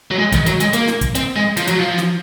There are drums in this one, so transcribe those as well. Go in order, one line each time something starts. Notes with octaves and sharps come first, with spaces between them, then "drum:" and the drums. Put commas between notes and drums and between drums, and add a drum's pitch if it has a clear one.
F#3
G#3
D#3, drum: kick, hi-hat
F#3, drum: hi-hat
G#3, drum: hi-hat
A#3, drum: hi-hat
drum: snare
drum: kick, hi-hat
C4, drum: hi-hat
G#3
F3, drum: hi-hat
F#3, drum: hi-hat
F3
drum: snare